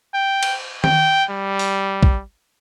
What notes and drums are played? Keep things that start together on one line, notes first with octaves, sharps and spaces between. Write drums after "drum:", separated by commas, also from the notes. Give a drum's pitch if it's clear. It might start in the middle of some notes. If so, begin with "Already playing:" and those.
G5
drum: cymbal
G5, drum: tom D#3
G3
drum: open hi-hat
drum: kick B1